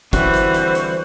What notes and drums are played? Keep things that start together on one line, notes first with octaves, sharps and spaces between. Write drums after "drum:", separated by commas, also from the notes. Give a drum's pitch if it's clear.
D3 E3 G3 C4 F#4 C5, drum: kick, hi-hat
drum: hi-hat
drum: hi-hat
drum: hi-hat